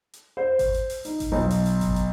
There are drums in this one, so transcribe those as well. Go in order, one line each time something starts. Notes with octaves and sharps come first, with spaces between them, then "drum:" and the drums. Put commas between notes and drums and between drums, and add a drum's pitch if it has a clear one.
drum: hi-hat
C5
drum: kick G#1, open hi-hat
drum: hi-hat
drum: open hi-hat
D#4, drum: open hi-hat
drum: kick G#1, open hi-hat
B1
drum: open hi-hat
drum: open hi-hat
drum: kick G#1, open hi-hat
drum: hi-hat